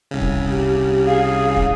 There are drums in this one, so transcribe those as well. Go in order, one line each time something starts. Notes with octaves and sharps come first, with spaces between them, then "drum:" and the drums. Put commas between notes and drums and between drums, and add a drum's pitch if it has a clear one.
C2 C#3
drum: kick
G4
G#4 F5
drum: kick